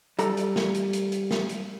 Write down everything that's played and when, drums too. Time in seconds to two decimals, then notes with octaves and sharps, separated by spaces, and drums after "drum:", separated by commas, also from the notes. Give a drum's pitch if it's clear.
0.19 G3 A4 A#5, drum: hi-hat
0.37 drum: hi-hat
0.56 drum: snare
0.75 drum: hi-hat
0.93 drum: hi-hat
1.12 drum: hi-hat
1.31 drum: snare
1.49 drum: hi-hat